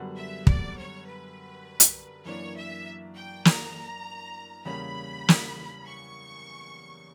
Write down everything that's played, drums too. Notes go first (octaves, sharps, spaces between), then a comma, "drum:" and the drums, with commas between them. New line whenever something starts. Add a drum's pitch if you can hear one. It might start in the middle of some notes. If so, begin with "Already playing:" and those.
Already playing: F#2 D3 G3 B3 F#4
E5
D5, drum: kick
C#5
B4
drum: hi-hat
F#2 E3 A#3 D4 C#5
E5
G5
A#5, drum: snare
E2 C#3 G3 A#3 C#4 B5
drum: snare
C#6